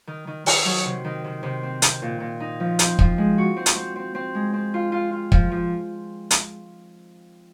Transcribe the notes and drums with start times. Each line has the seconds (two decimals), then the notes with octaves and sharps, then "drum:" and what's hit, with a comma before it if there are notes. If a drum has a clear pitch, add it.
0.07 D#3
0.27 D#3
0.46 D#3, drum: open hi-hat
0.65 F#3
0.85 C3
1.05 D#3
1.24 C3
1.43 C3
1.63 C4
1.82 C4, drum: hi-hat
2.02 A#2
2.20 A#2
2.40 D#4
2.60 F3
2.79 C4, drum: hi-hat
2.99 F3, drum: kick
3.18 G#3
3.38 F#4
3.57 C4
3.66 drum: hi-hat
3.76 C4
3.96 C4
4.15 C4
4.35 G#3
4.54 C4
4.74 F4
4.92 F4
5.12 F4
5.32 F3, drum: kick
5.51 F3
6.31 drum: hi-hat